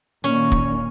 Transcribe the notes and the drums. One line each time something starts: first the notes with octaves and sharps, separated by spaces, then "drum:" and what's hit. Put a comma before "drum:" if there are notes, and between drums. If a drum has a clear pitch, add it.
A#2 D#3 A#3 C#4
drum: kick